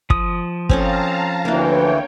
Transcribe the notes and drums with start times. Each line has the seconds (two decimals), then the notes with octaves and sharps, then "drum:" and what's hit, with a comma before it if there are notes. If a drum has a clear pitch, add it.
0.10 F3 D#6, drum: kick
0.69 C4 C#4 A4 F5 A5 A#5, drum: kick
1.45 D2 E3 A#3 D4 C#5 G5